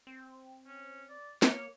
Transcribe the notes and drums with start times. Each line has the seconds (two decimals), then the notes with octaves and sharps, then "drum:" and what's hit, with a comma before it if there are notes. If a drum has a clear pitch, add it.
0.07 C4
0.67 C#4
1.09 D5
1.42 A#3 C#5, drum: snare